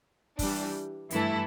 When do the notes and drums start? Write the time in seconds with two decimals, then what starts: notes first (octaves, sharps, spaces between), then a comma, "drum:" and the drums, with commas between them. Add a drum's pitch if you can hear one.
0.39 E3 G3 D4, drum: kick, open hi-hat
1.11 G2 E3 A3 E4 A4, drum: hi-hat